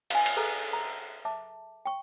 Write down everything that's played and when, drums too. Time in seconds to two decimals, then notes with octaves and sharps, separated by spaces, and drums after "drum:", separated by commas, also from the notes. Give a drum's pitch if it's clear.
0.10 F5 G#5, drum: cymbal
0.26 drum: cymbal
0.37 G#4 A4 B4 A#5
0.73 A#5
1.25 E5 A5 D6
1.86 G5 C#6